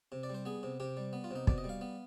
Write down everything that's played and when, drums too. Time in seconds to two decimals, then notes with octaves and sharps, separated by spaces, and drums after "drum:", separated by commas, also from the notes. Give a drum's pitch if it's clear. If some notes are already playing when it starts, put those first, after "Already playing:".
0.12 C3
0.23 D5
0.30 G3 C5
0.45 B3 G#4
0.63 C3
0.80 C3 G4
0.97 G3
1.13 B3
1.24 F4
1.31 C3 D#4
1.47 B2 D5, drum: kick
1.58 D#5
1.64 G3
1.69 F5
1.81 B3